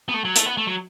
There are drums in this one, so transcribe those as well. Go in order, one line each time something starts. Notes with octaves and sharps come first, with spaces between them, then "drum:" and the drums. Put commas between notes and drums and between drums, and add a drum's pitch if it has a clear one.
B3
A3
F#3
A3, drum: hi-hat
B3
A3
F#3